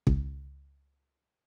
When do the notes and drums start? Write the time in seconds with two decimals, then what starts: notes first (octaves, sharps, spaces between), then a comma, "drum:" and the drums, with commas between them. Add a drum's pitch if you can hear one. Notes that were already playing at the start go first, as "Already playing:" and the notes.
0.07 C#2, drum: kick